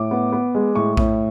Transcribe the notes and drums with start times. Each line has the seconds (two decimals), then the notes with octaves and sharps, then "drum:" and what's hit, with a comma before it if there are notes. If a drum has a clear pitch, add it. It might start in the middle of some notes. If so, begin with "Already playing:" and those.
Already playing: A2 D6
0.11 B3
0.32 B3
0.55 G#3
0.75 A2 C#6
0.97 A2, drum: kick A#1